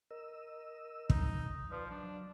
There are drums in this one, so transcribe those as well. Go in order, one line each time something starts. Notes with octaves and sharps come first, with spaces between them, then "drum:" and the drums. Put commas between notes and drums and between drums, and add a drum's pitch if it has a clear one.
A#4 D#5 E6
D#4, drum: kick
F3 B4 D5
F#3 D4